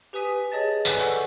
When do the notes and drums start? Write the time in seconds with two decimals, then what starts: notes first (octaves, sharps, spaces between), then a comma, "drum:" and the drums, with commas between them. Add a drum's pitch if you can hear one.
0.13 G4 B4 G#5 D#6 B6 D#7
0.52 G#4 C#5 D#5 A5 A6
0.85 A4 B4 D5 G#5 F#6 G6, drum: tambourine
0.99 A4 F#5 C#6 E6